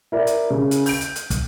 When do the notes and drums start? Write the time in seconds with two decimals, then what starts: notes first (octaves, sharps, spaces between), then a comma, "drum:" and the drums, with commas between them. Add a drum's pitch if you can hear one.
0.12 E4 A#4 D5
0.27 drum: hi-hat
0.50 C#3
0.71 drum: hi-hat
0.86 G6 D7, drum: open hi-hat
1.01 drum: hi-hat
1.16 drum: hi-hat
1.30 drum: kick, hi-hat